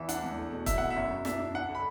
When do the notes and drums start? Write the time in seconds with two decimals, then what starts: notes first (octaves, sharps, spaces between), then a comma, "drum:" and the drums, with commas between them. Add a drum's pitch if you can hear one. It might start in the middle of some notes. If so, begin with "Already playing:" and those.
Already playing: E2 E3 E5
0.09 D4 F#5, drum: hi-hat
0.23 E2
0.38 A3
0.52 B2
0.66 B2 E5, drum: kick, hi-hat
0.78 B2 F#5
0.90 E5
0.96 F#2
1.11 F#2
1.25 D4 E5, drum: snare
1.40 D4
1.54 D4 F#5
1.69 D3
1.75 B5